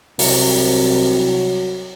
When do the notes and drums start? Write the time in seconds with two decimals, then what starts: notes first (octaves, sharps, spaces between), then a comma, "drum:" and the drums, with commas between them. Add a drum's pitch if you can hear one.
0.19 C2 F#3, drum: open hi-hat